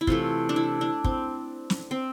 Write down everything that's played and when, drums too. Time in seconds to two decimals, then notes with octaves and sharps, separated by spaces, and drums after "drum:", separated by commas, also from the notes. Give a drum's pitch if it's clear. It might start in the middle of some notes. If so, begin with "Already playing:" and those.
0.01 E4
0.07 C3 E3 A3 F4, drum: kick
0.49 D4
0.56 E4
0.81 D4
1.04 C4, drum: kick
1.70 drum: snare
1.91 C4